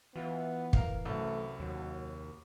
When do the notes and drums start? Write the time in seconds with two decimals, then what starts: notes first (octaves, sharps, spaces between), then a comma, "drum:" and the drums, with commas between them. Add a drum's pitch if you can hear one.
0.16 E3 B3 F4
0.73 A#4 F5, drum: kick
1.05 C2 F#2 A3
1.60 D#2 F#3